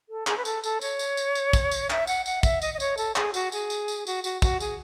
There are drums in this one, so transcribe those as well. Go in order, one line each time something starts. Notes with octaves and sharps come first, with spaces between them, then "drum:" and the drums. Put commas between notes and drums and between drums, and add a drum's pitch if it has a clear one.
A4
G#4, drum: clap
B4
A4, drum: tambourine
A4, drum: tambourine
C#5, drum: tambourine
drum: tambourine
drum: tambourine
drum: tambourine
drum: kick, tambourine
drum: tambourine
E5, drum: clap
F#5, drum: tambourine
F#5, drum: tambourine
E5, drum: kick, tambourine
D#5, drum: tambourine
D#5
C#5, drum: tambourine
A4, drum: tambourine
G#4, drum: clap
F#4, drum: tambourine
G#4, drum: tambourine
drum: tambourine
drum: tambourine
F#4, drum: tambourine
F#4, drum: tambourine
F#4, drum: kick, tambourine
G#4, drum: tambourine